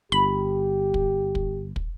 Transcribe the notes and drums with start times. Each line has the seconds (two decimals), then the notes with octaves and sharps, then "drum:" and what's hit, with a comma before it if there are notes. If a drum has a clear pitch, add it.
0.12 G1 G4 B5
0.94 drum: kick
1.35 drum: kick
1.76 drum: kick